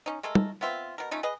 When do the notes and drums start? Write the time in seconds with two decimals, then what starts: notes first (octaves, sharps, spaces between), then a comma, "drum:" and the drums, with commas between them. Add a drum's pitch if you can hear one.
0.06 C#4 D#4
0.23 G#3 A3 A4 A#4
0.35 drum: tom
0.61 B3 C4 F4 E5
0.98 B2 A#4
1.11 A3 C#4 D#4 F4
1.23 G#4 B4 D#5